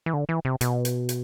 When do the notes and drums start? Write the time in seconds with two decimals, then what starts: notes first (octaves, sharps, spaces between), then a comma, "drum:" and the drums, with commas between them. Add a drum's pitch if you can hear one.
0.06 E3
0.14 D3
0.29 E3
0.45 C3
0.61 B2, drum: hi-hat
0.85 drum: hi-hat
1.09 drum: hi-hat